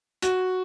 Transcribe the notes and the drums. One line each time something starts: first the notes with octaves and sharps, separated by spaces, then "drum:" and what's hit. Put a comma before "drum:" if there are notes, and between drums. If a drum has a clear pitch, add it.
F#4, drum: hi-hat